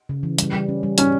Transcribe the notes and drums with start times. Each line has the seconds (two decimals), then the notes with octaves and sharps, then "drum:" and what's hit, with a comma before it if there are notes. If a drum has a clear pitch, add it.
0.09 C#3
0.23 E3
0.38 G3, drum: hi-hat
0.54 G3
0.69 C#4
0.83 G3
0.98 G3 C#4, drum: hi-hat